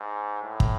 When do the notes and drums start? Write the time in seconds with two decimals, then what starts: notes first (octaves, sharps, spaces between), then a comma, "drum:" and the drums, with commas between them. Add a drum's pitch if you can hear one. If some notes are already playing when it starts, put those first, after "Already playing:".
Already playing: G#2
0.43 A2
0.60 drum: kick